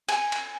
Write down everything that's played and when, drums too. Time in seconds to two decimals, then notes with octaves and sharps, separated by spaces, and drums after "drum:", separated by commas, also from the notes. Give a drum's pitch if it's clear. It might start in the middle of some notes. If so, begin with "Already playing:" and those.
0.09 G#5, drum: cymbal
0.32 drum: cymbal